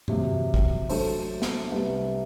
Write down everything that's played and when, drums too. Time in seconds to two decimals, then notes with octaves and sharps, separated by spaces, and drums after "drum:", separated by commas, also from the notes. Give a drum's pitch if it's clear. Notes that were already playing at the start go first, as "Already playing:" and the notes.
0.08 E2 C3 F#3, drum: tom G2
0.54 drum: kick
0.89 F#3 A3 D4 A4 C5, drum: open hi-hat
1.42 drum: snare
1.71 C2 C3 G3 B3